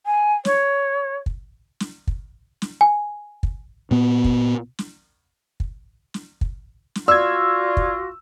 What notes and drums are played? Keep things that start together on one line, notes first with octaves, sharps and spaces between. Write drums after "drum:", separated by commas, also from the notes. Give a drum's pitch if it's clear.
G#5
C#5, drum: snare
drum: kick
drum: snare
drum: kick
drum: snare
G#5
drum: kick
A#2 B3
drum: kick
drum: snare
drum: kick
drum: snare
drum: kick
drum: snare
F4 F#4 D5 E6 G#6
drum: kick